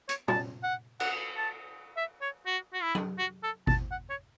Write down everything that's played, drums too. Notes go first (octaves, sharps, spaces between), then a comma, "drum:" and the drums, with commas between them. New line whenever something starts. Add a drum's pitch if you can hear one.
C#5, drum: hi-hat
A5, drum: tom
F#5
F#5, drum: cymbal
A5
E5
C#5
F#4
F#4
E4
drum: tom F#3
F#4
A4
A5, drum: kick G#1
F#5
C#5